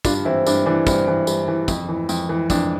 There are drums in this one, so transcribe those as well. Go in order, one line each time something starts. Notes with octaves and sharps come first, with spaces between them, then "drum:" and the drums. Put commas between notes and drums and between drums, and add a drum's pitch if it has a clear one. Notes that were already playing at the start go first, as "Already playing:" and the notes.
G2 D4 F4, drum: kick, tambourine
E3 C4 E4
G2 D4, drum: tambourine
E3 D4
G2 C4, drum: kick, tambourine
E3
G2, drum: tambourine
E3
F2, drum: kick, tambourine
E3
F2, drum: tambourine
E3
F2 D4, drum: kick, tambourine